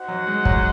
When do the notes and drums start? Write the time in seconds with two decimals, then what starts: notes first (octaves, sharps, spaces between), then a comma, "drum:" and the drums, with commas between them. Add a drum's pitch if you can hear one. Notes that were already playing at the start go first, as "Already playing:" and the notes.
Already playing: D#4 F#4 C5 F#5
0.08 F#3
0.27 G#3
0.45 F#3, drum: kick